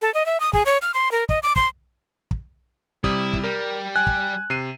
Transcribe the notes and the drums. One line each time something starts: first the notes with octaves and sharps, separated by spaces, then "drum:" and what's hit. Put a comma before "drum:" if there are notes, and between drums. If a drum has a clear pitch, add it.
A4
D#5
E5
D#6
G#4, drum: kick
C#5
F6
C6
A#4
D#5, drum: kick
D6
C6, drum: kick
drum: kick
C3 G3 E4 D#6, drum: kick
drum: kick
G3 A#4
G#5 F#6
drum: kick
C3 C7 D#7